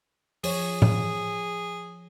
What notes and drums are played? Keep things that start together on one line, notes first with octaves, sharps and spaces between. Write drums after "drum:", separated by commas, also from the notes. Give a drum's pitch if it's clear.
F3 G#4 C#5, drum: open hi-hat
drum: tom A2